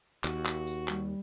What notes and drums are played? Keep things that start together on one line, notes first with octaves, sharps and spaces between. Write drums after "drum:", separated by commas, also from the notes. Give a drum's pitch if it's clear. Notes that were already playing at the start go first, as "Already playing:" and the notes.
D#2 F#4, drum: clap
drum: clap
drum: tambourine
G3, drum: clap